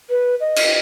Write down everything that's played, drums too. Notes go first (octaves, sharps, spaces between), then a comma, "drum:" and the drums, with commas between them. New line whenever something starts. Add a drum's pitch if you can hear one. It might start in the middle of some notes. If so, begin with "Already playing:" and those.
B4
D#5
drum: cymbal